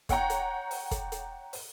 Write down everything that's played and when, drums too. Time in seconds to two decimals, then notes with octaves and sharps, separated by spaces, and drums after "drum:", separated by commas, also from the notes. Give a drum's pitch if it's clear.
0.09 C#5 F#5 G5 A#5, drum: kick, hi-hat
0.30 drum: hi-hat
0.71 drum: open hi-hat
0.91 drum: kick, hi-hat
1.12 drum: hi-hat
1.53 drum: open hi-hat